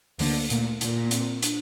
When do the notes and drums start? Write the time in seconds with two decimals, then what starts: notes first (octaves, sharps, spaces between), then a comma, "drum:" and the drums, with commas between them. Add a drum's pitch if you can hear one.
0.19 D2 D3 A#3, drum: open hi-hat
0.50 A#2 A3, drum: hi-hat
0.81 A#2 A#3, drum: hi-hat
1.03 A#3
1.11 C4, drum: hi-hat
1.42 D4, drum: hi-hat